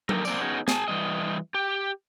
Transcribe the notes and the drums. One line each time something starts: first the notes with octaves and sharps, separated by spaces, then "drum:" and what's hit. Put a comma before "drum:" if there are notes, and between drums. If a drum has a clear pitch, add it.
A#3 B3 D#4 G4 A4 A#4, drum: tom F#3
A#3 C4 D5, drum: tambourine
B3 C#4 D#4 F#4 G#4
G#4 G#5 A5, drum: snare
E3 G3 D#5
G4